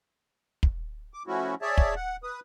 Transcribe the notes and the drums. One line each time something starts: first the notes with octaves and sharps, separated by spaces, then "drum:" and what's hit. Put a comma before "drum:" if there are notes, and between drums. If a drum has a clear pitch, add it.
drum: kick
D6
F3 A3 C#4 E4 F#4
G#4 C#5 D5 E5 A5
drum: kick
F#5
B4 D#6